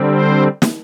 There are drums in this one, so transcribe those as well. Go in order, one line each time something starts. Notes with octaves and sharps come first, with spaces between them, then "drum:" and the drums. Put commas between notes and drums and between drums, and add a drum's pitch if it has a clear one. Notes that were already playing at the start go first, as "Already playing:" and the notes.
Already playing: D3 G3 C4
C5
drum: snare